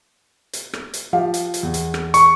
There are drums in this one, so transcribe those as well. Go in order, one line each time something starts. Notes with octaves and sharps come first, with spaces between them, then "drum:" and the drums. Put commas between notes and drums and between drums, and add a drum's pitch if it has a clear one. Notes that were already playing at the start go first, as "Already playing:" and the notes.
drum: hi-hat
drum: rim click
drum: hi-hat
F3 G4 F5
drum: hi-hat
drum: hi-hat
E2
drum: hi-hat
drum: rim click
C#6, drum: hi-hat